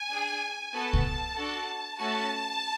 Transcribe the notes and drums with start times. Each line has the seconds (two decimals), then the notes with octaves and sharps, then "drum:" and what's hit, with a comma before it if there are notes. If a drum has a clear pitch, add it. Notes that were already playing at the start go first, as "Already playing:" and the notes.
Already playing: G#5
0.11 D4 G#4
0.73 B3 F#4 A4 A5
0.93 drum: kick C2
1.36 D4 F#4 A4
1.98 A3 C#4 F#4 A5